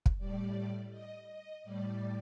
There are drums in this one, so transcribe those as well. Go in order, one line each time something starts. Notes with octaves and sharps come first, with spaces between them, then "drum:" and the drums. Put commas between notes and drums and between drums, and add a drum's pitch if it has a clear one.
drum: kick
A2 G3 D5
D#5
D#5
A2 G3 D5